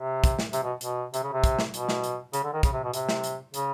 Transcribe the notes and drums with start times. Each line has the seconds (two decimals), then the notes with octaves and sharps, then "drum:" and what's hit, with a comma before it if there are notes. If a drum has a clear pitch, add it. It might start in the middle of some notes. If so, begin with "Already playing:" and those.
Already playing: C3
0.24 drum: kick, hi-hat
0.39 drum: snare
0.53 C3, drum: hi-hat
0.63 B2
0.81 B2, drum: hi-hat
1.14 C3, drum: hi-hat
1.23 C#3
1.33 C3
1.44 drum: kick, hi-hat
1.59 drum: snare
1.74 B2, drum: hi-hat
1.89 drum: snare
2.04 drum: hi-hat
2.33 C#3, drum: hi-hat
2.44 D3
2.53 D#3
2.63 C#3, drum: kick, hi-hat
2.73 C3
2.84 B2
2.94 C3, drum: hi-hat
3.09 drum: snare
3.24 drum: hi-hat
3.54 C#3, drum: hi-hat